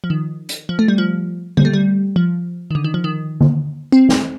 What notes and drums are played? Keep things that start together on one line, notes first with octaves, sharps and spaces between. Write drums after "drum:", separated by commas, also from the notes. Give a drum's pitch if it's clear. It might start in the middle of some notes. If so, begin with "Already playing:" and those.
F3
D#3
drum: hi-hat
F3
A3
G3
F3
G3, drum: tom D3
A3
G3
F3
D#3
D3
D#3
F3
D#3
drum: tom D3
C4
drum: snare